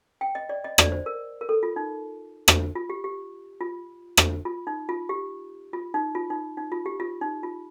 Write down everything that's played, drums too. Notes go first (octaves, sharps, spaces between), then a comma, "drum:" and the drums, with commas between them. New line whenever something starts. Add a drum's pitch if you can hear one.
G5
D#5
D5
D#5
D5, drum: rim click
C5
A#4
A#4
A4
F4
D#4
drum: rim click
F4
G4
G4
F4
drum: rim click
F4
D#4
F4
G4
F4
D#4
F4
D#4
D#4
F4
G4
F4
D#4
F4